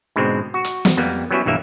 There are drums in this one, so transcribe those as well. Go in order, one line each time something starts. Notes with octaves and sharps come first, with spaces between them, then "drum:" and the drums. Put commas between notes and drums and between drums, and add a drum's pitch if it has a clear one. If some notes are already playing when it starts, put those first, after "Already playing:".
G#2 B2 D3 G#3 C4
F#4
drum: hi-hat
drum: snare
F2 G3 A#3 B3
F#3 G3 B3 C#4 E4 F#4
B1 G2 E3 A#3 E5